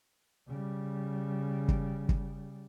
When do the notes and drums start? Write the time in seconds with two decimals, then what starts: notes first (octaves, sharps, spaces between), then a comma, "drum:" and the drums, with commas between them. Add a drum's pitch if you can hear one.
0.47 C#3 G3
1.68 drum: kick
2.09 drum: kick